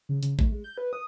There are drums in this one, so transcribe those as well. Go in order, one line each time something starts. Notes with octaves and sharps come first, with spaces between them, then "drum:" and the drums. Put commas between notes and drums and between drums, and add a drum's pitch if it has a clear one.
C#3
C#3, drum: hi-hat
A3, drum: kick A1
G#3
G6
B4
D#6